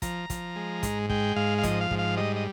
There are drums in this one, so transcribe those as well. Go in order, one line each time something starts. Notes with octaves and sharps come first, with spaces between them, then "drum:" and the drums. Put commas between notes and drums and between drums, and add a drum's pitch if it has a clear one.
F3 A#5, drum: kick, hi-hat
F3, drum: kick, hi-hat
G#3
G#2, drum: kick, hi-hat
G#3 G5, drum: kick
G#2 F5
F5
F3 D#5, drum: kick, hi-hat
F5
G#2, drum: kick
F5
G3 D#5
D#5